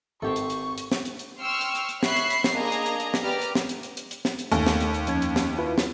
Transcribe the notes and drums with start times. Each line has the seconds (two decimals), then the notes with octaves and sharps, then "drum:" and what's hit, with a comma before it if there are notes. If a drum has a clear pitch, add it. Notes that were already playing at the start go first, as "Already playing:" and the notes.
0.22 G#1 C4 G4 A4 C#6
0.36 drum: hi-hat
0.50 drum: hi-hat
0.78 drum: hi-hat
0.92 drum: snare
1.05 drum: hi-hat
1.19 drum: hi-hat
1.40 G5 C6 C#6 E6 F6
1.61 drum: hi-hat
1.75 drum: hi-hat
1.89 drum: hi-hat
2.03 C#5 E5 B5 C#6 F#6 C7, drum: snare
2.17 drum: hi-hat
2.30 drum: hi-hat
2.44 drum: snare
2.53 A#3 D4 G#4 D#5 A#5
2.72 drum: hi-hat
2.86 drum: hi-hat
3.00 drum: hi-hat
3.14 drum: snare
3.23 G4 B4 D5 A#5 D6 F6
3.42 drum: hi-hat
3.55 drum: snare
3.69 drum: hi-hat
3.83 drum: hi-hat
3.97 drum: hi-hat
4.11 drum: hi-hat
4.25 drum: snare
4.39 drum: hi-hat
4.52 D#2 A3, drum: hi-hat
4.67 drum: snare
4.80 drum: hi-hat
4.94 drum: hi-hat
5.07 F2 C#4 G#6, drum: hi-hat
5.22 drum: hi-hat
5.36 drum: snare
5.58 E4 F4 B4
5.78 drum: snare